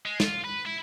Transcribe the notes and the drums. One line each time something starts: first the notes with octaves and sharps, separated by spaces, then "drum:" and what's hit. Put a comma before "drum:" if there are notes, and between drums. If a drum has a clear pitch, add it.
G#3
F4, drum: snare
B4
E4